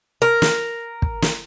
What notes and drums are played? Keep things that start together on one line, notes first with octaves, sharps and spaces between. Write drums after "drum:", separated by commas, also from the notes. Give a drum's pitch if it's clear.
A#4
drum: snare
drum: kick
drum: snare